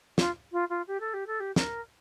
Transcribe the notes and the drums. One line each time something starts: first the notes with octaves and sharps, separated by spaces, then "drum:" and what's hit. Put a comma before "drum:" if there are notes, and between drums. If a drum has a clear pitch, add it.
F4, drum: snare
F4
F4
G4
A4
G4
A4
G4
A#4, drum: snare